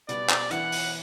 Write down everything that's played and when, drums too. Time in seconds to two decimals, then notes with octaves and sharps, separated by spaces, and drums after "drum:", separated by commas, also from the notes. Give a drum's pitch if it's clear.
0.09 B2 G3 B3 D5, drum: hi-hat
0.29 drum: clap
0.50 E3 B3 E4 F#5, drum: hi-hat
0.72 drum: open hi-hat